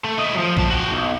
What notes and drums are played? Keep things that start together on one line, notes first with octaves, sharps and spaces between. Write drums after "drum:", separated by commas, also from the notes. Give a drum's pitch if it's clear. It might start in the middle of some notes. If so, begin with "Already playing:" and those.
A3
E4 D#5
F3 F#3
A#2 A5, drum: kick
F#4 G5
B1